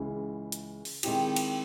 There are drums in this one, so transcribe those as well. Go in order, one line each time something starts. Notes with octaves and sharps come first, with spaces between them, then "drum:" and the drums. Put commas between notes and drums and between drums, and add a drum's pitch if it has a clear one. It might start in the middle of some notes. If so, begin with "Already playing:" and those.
Already playing: C#2 C#3 E3
drum: hi-hat
drum: open hi-hat
D#3 G#3 C4 E4 G4, drum: cymbal
drum: cymbal